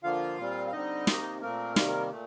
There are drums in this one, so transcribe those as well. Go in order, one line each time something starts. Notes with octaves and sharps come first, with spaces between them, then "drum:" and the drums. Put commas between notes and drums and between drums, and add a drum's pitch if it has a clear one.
D3 F3 A#3 F4 F5
A#2 G3 C4
F5
D3 G3 C4 D#4 D#5
C3 D#3 A#3, drum: snare
A#2 A3 A#3 C4 A#4
C3 D#3 G3 A#3, drum: snare
A#2 A3